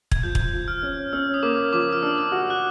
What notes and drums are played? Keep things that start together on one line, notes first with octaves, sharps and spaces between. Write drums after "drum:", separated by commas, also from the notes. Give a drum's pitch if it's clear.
G#6, drum: kick
F3 G6
drum: kick
F3
F6
C#4
C#4 E6
D#6
A#3 D6
F3 D6
F6
D4 E6
F#4 F6
F#6